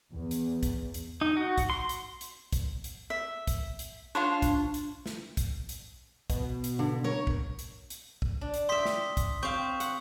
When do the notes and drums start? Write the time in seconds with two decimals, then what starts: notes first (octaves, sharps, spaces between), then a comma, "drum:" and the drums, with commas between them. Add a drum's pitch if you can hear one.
0.12 E2
0.31 drum: hi-hat
0.63 drum: kick, hi-hat
0.94 drum: hi-hat
1.21 D#4
1.37 F#4
1.58 drum: kick, hi-hat
1.70 C6
1.89 drum: hi-hat
2.21 drum: hi-hat
2.53 drum: kick, hi-hat
2.84 drum: hi-hat
3.10 E5
3.47 drum: kick, hi-hat
3.79 drum: hi-hat
4.15 D4 F4 C5 C#5
4.42 drum: kick, hi-hat
4.74 drum: hi-hat
5.06 drum: snare
5.37 drum: kick, hi-hat
5.69 drum: hi-hat
6.30 B2, drum: kick, hi-hat
6.64 drum: hi-hat
6.79 D3
7.04 A#4 C#5
7.27 drum: kick
7.59 drum: hi-hat
7.90 drum: hi-hat
8.22 drum: kick
8.41 D4
8.54 drum: hi-hat
8.69 G4 E5 C6 D#6 B6
8.85 drum: snare
9.17 drum: kick, hi-hat
9.43 C4 F5 C#6 G6
9.80 F#5, drum: hi-hat